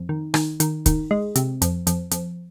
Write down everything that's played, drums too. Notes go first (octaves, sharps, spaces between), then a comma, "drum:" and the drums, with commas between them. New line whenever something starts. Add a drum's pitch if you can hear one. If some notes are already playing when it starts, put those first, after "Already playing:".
Already playing: F2
D#3
D#3, drum: rim click
D#3, drum: hi-hat
D#3, drum: kick, hi-hat
G#3
C3, drum: hi-hat
F2, drum: hi-hat
F2, drum: hi-hat
F2, drum: hi-hat